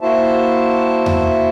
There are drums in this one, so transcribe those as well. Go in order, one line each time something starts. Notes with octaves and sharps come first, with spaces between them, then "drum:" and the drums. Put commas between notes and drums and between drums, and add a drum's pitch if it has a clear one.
A#3 E4 F#4 C5 E5 A5
drum: tom E2